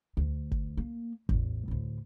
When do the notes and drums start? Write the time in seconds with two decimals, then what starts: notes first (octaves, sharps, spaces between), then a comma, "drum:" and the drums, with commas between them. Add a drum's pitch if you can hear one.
0.17 D2
0.52 drum: kick G#1
0.77 A#3
1.29 A1 E2, drum: kick G#1
1.68 D2 A2